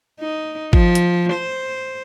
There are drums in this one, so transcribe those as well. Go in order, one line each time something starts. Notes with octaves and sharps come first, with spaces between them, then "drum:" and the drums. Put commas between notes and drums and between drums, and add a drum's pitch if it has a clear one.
D#4
F3, drum: kick G#1
drum: hi-hat
C5